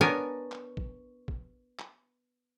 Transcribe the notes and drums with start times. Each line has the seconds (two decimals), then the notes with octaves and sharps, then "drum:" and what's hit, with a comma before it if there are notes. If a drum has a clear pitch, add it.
0.01 B3 D4 A#4 C#5 G#5 A#5
0.52 drum: clap
0.77 drum: kick
1.28 drum: kick
1.79 drum: clap